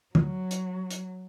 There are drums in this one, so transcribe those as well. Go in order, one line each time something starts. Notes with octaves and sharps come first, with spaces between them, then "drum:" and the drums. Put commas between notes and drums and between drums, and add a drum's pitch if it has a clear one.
F#3, drum: tom
drum: hi-hat
drum: hi-hat